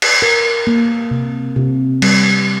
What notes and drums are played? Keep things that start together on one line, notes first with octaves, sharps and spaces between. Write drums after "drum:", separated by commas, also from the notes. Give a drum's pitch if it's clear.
drum: cymbal
A#4
A#3
C3
C3
G3, drum: cymbal